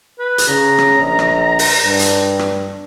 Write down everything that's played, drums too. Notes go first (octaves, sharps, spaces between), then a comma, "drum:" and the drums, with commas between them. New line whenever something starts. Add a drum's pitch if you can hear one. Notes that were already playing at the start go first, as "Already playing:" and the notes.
B4
drum: hi-hat
C#3 A#5
drum: rim click
A#1
drum: rim click
drum: open hi-hat
G2
drum: hi-hat
drum: rim click